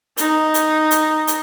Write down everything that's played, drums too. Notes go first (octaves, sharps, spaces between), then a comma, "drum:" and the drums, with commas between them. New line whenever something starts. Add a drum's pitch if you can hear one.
D#4, drum: hi-hat
drum: hi-hat
drum: hi-hat
drum: hi-hat